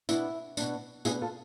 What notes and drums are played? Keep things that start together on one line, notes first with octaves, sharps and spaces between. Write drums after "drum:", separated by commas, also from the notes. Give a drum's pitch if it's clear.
B2 B3 D4 E4, drum: tambourine
B2 B3 D4, drum: tambourine
B2 B3 D4 E4 G#4, drum: tambourine
F4 A4